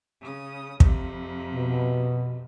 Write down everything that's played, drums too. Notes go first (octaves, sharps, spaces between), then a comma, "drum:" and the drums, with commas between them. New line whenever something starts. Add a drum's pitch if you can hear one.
C#3 D#6
F2 C3, drum: kick
B2